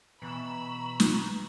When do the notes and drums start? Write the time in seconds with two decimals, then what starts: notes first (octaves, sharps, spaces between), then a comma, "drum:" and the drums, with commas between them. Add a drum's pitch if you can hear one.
0.22 B2 E3 A#5 B5 C#6 E6
1.00 drum: snare